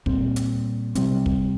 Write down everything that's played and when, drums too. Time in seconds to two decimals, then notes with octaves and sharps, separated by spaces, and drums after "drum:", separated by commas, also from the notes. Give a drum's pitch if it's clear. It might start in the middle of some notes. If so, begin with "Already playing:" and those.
0.06 A#2 G3 C4, drum: kick
0.36 drum: hi-hat
0.95 C3 G3 C4, drum: hi-hat
1.26 drum: kick